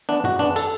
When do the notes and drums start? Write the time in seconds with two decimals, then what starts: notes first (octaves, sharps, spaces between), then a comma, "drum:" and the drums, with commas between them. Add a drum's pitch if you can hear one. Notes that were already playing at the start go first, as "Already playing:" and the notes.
0.09 E3 B3 D4
0.24 G#2 F#4, drum: tom F#2
0.39 E3 G#3 B3 D4
0.56 A4, drum: cymbal